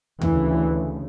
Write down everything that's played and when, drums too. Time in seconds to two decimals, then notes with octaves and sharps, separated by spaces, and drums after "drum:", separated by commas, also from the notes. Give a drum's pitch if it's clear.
0.22 D2 C#3 E3, drum: tom E2